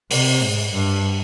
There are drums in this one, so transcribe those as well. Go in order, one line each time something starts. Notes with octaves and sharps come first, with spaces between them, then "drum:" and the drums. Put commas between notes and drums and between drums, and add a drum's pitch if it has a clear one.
C3, drum: open hi-hat
G#2
G2